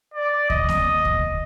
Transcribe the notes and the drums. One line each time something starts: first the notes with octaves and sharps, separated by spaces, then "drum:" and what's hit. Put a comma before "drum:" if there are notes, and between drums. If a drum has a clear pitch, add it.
D5
D#5, drum: kick D2
drum: snare A#3
drum: kick D2